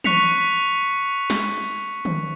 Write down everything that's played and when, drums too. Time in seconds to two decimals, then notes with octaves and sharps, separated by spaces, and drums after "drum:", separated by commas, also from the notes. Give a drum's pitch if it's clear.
0.04 C#6 F#6 B6 C#7 F7, drum: tom E3
1.30 drum: snare
2.05 drum: tom D#3